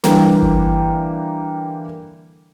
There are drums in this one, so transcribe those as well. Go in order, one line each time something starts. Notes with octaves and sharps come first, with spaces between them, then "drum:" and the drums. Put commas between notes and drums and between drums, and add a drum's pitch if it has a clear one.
D3 E3 G3 A#3, drum: snare
drum: kick G1